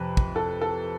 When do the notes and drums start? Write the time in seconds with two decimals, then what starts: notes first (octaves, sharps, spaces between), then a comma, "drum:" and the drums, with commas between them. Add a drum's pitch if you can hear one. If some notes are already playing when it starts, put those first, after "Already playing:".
Already playing: F2 C3 B4
0.17 drum: kick
0.36 A4
0.61 A4